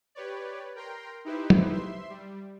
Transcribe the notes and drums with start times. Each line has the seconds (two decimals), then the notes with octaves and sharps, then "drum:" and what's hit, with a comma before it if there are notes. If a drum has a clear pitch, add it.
0.15 G4 B4 C#5 D5
0.76 A#4 G5 A#5 C6
1.25 D#4 E4 G4 B4 C5 E5
1.50 drum: tom F#3
1.73 E5 C6
2.10 G3